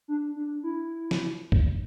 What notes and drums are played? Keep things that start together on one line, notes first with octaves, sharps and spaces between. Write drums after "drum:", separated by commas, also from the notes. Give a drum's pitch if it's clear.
D4
D4
E4
drum: snare
drum: kick D2